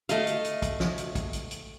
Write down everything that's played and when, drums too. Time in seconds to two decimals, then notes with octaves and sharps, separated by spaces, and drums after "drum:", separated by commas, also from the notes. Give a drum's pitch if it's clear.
0.09 A3 D#5 F5, drum: hi-hat
0.27 drum: hi-hat
0.45 drum: hi-hat
0.62 drum: kick, hi-hat
0.80 drum: snare
0.98 drum: hi-hat
1.15 drum: kick, hi-hat
1.33 drum: hi-hat
1.51 drum: hi-hat